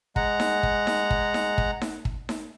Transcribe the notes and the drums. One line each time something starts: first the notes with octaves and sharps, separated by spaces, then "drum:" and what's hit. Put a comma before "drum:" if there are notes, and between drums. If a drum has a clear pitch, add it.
G#3 F#5 A#5, drum: kick
drum: snare D#4
drum: kick
drum: snare D#4
drum: kick
drum: snare D#4
drum: kick
drum: snare D#4
drum: kick
drum: snare D#4